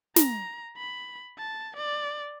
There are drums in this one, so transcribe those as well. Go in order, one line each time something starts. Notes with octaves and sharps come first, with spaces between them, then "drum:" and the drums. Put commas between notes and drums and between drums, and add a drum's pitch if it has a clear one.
A#5, drum: snare
B5
A5
D5